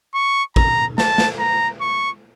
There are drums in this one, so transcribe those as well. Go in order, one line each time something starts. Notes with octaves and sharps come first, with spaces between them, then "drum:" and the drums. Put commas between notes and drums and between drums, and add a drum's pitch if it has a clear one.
C#6
A#5, drum: kick
A5, drum: snare
drum: snare
A#5
C#6